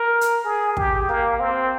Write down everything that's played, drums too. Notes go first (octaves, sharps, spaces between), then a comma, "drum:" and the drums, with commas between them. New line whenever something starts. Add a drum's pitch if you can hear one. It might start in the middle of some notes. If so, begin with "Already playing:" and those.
Already playing: A#4
drum: hi-hat
G#4
G4, drum: kick
A#3
C4